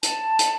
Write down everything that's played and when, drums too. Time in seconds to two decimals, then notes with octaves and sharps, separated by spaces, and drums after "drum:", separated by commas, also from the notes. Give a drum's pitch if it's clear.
0.03 A5, drum: hi-hat
0.39 drum: hi-hat